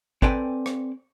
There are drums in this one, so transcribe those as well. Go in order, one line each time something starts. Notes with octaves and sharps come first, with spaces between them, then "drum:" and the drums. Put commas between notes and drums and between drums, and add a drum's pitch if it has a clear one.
C4 A4 B4 D5 G5 G#5, drum: kick
drum: rim click